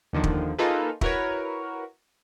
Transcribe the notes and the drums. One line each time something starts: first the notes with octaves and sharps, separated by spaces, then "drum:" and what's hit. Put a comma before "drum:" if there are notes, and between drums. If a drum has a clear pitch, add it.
D#2 D3 D#3 F3
drum: kick
A#3 D#4 F4 G#4 A4 B4
E4 F#4 A#4 B4 C#5, drum: kick